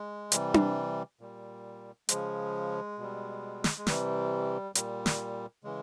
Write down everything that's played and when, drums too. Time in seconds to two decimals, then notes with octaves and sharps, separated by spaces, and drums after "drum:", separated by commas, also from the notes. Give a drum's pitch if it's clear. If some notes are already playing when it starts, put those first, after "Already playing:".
Already playing: G#3
0.32 C3 E3 G3, drum: hi-hat
0.54 drum: tom D4
1.21 A#2 G3
2.09 C#3 F3 G#3, drum: hi-hat
2.98 B2 G3
3.64 drum: snare
3.78 G#3
3.87 C3 E3 G3, drum: snare
4.75 A#2 G3, drum: hi-hat
5.06 drum: snare
5.64 C#3 E3 G#3